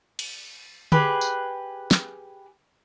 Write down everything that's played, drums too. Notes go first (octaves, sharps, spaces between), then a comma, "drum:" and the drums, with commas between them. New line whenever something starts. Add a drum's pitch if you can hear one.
drum: cymbal
G4 G#4 B4, drum: tom D3
drum: tambourine
drum: snare